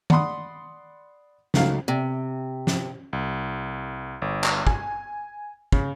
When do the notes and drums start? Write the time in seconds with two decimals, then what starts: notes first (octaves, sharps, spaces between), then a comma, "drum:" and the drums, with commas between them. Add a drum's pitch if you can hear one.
0.10 D5 F#5 B5 C6 D#6, drum: tom D#3
1.54 C#2 F#3 A3 D#4 F5, drum: snare
1.88 C3
2.67 drum: snare
3.13 C2
4.22 G1
4.44 drum: clap
4.67 G#5, drum: kick
5.72 C#3, drum: kick